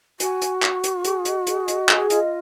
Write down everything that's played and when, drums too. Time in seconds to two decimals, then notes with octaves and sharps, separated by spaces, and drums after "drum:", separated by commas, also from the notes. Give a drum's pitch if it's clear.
0.20 F#4 G#5, drum: hi-hat
0.42 C#6, drum: hi-hat
0.62 C#6, drum: clap
0.84 C#6, drum: hi-hat
1.04 G#4, drum: hi-hat
1.25 D#5, drum: hi-hat
1.47 G#4, drum: hi-hat
1.68 D#5, drum: hi-hat
1.89 G#4, drum: clap
2.10 F4 D#5, drum: hi-hat